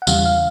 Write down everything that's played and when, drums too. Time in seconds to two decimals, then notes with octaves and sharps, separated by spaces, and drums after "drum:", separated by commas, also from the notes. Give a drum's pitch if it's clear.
0.02 F#5
0.07 E2 C#3 E3 G3 F5, drum: tambourine
0.25 F5